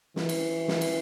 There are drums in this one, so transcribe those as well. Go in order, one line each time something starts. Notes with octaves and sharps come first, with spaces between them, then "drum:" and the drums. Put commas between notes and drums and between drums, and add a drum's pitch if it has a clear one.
E3, drum: snare
drum: cymbal
drum: snare
drum: cymbal